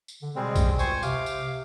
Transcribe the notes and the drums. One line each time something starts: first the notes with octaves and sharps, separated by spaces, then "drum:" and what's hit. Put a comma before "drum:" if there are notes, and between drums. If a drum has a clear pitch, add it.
drum: tambourine
D3
B2 G3 G#3 C4
drum: kick A#1, tambourine
C#2 C5 G#5 C#6, drum: tambourine
C3 F5 D6, drum: tambourine
drum: tambourine